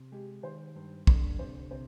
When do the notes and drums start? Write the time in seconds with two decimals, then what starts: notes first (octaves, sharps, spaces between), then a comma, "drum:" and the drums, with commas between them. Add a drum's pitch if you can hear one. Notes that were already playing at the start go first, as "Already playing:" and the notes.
Already playing: C3
0.12 G#3 G4
0.43 D#3 C5
0.76 G2
1.07 D3, drum: kick
1.39 C3 C5
1.71 C3 C5